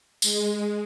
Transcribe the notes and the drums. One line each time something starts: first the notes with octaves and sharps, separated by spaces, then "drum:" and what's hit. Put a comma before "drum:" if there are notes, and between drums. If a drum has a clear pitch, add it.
G#3, drum: tambourine